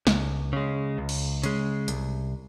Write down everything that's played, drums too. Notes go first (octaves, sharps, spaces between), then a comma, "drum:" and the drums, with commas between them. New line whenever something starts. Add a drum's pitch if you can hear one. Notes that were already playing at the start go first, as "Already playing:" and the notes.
C#2, drum: snare
C#3 G#3
C#2
drum: cymbal
C#3 G#3, drum: hi-hat
C2, drum: hi-hat